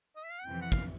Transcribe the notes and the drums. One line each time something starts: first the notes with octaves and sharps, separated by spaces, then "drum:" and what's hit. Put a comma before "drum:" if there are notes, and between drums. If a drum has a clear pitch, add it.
D#5
E5
F5
F#5
F2 C3 E3 G5
F#5
F5, drum: kick